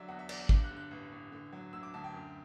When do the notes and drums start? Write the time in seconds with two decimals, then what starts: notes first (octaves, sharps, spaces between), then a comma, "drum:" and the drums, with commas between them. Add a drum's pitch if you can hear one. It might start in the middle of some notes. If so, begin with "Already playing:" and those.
Already playing: D3 F#3 D5 E5
0.08 E2 F#5
0.19 E5
0.29 E2 D5, drum: cymbal
0.40 E5
0.49 G2 D6, drum: kick
0.64 F#6
0.71 D3
0.77 F#6
0.91 A1
1.12 A1
1.32 D3
1.52 F#3
1.73 D2 E6
1.83 D6
1.94 D2 A5
2.04 G5
2.14 F#2